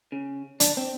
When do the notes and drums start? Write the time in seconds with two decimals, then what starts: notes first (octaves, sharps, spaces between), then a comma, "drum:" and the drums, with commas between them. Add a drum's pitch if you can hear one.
0.12 C#3
0.60 D4, drum: hi-hat
0.77 C4